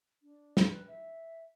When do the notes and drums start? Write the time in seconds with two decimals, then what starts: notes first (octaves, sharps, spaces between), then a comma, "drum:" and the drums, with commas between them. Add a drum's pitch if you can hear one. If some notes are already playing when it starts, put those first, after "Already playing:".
0.23 D4
0.57 drum: snare
0.70 B4
0.88 E5